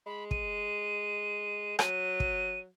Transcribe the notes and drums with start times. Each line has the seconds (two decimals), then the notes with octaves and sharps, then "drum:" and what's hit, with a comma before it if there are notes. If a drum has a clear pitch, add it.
0.06 G#3 B5
0.31 D#7, drum: kick
1.79 F#3 D#7, drum: rim click
2.20 drum: kick